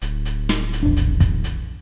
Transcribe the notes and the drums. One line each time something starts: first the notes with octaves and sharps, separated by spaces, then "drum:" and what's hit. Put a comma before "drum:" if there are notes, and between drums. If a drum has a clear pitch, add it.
D1, drum: hi-hat
drum: hi-hat
drum: snare
drum: hi-hat
A#1 E2 D4
drum: hi-hat
drum: kick, hi-hat
drum: hi-hat